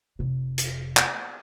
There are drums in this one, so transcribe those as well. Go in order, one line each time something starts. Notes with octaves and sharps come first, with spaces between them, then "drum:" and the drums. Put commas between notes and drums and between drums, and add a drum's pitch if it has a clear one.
F1 C3
drum: hi-hat
drum: clap